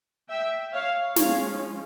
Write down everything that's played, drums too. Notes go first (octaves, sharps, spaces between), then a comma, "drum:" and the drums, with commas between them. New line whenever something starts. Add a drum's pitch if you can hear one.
E5 G5
C#5 F5
F3 G#3 C#4 C#5 F5, drum: snare